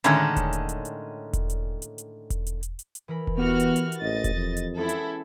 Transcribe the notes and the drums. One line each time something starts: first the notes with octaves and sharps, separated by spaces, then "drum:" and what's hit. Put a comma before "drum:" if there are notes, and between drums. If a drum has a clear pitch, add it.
A2 D3 D#3 G#3 C#4 A4, drum: hi-hat
drum: kick E1, hi-hat
drum: hi-hat
drum: hi-hat
drum: hi-hat
drum: kick E1, hi-hat
drum: hi-hat
drum: hi-hat
drum: hi-hat
drum: kick E1, hi-hat
drum: hi-hat
drum: hi-hat
drum: hi-hat
drum: hi-hat
E3 A#4 B5
drum: kick E1
E3 B3 E4 F#4 G4 F6
drum: hi-hat
drum: hi-hat
drum: hi-hat
A1 D#5 A6
drum: kick E1, hi-hat
F2
drum: hi-hat
G#3 B3 C#4 E4 A4
drum: hi-hat